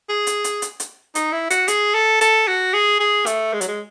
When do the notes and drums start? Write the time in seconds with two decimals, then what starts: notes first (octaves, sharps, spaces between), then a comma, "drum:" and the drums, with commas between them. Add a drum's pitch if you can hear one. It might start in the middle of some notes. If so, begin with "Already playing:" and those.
0.09 G#4
0.27 drum: hi-hat
0.44 drum: hi-hat
0.62 drum: hi-hat
0.80 drum: hi-hat
1.15 D#4, drum: hi-hat
1.32 E4
1.50 F#4, drum: hi-hat
1.68 G#4, drum: hi-hat
1.94 A4
2.21 A4, drum: hi-hat
2.48 F#4
2.74 G#4
3.00 G#4
3.26 A3, drum: hi-hat
3.53 G#3
3.61 F#3, drum: hi-hat
3.68 G#3